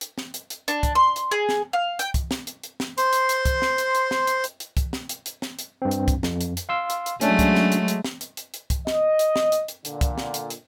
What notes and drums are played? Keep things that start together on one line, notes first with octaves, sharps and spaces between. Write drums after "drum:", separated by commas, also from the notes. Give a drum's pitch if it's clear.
drum: hi-hat
drum: snare
drum: hi-hat
drum: hi-hat
D4, drum: hi-hat
drum: kick, hi-hat
C6
drum: hi-hat
G#4
drum: snare
F5
G5, drum: hi-hat
drum: kick, hi-hat
drum: snare
drum: hi-hat
drum: hi-hat
drum: snare
C5 C6, drum: hi-hat
drum: hi-hat
drum: hi-hat
drum: kick, hi-hat
drum: snare
drum: hi-hat
drum: hi-hat
drum: snare
drum: hi-hat
drum: hi-hat
drum: hi-hat
drum: kick, hi-hat
drum: snare
drum: hi-hat
drum: hi-hat
drum: snare
drum: hi-hat
G2 C4
drum: hi-hat
drum: kick, hi-hat
F2, drum: snare
drum: hi-hat
drum: hi-hat
F5 C6 E6
drum: hi-hat
drum: hi-hat
F#3 G#3 A3 C#4 D4, drum: hi-hat
drum: kick, hi-hat
drum: snare
drum: hi-hat
drum: hi-hat
drum: snare
drum: hi-hat
drum: hi-hat
drum: hi-hat
drum: kick, hi-hat
D#5, drum: snare
drum: hi-hat
drum: snare
drum: hi-hat
drum: hi-hat
A#2 D3, drum: hi-hat
drum: kick, hi-hat
drum: snare
drum: hi-hat
drum: hi-hat